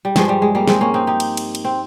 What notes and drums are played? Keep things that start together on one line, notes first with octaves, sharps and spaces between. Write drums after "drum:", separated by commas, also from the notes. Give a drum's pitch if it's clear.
G3
G2 F3 G#3, drum: snare
G3
G#3
G3 A#3
G#3 C4, drum: snare
A#3 C#4
C4 D#4
D#4 G4
drum: cymbal
drum: cymbal
drum: cymbal
C4